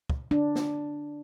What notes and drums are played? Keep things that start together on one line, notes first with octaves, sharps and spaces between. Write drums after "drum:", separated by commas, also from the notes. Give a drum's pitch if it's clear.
drum: kick
D4
drum: snare